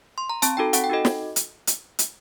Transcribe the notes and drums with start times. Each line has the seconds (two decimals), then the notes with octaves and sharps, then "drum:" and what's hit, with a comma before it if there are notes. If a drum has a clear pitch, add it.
0.18 C6
0.30 A#5
0.42 C4 A5, drum: hi-hat
0.57 D#4 F#4 A4 G5
0.73 C4 F#5, drum: hi-hat
0.84 G5
0.90 D#4 F#4 A4 D#5
1.05 drum: snare
1.36 drum: hi-hat
1.67 drum: hi-hat
1.99 drum: hi-hat